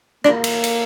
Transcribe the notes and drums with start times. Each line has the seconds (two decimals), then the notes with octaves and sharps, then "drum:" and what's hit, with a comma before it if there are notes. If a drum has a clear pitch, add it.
0.24 A#3 D4, drum: rim click
0.44 drum: cymbal
0.64 drum: cymbal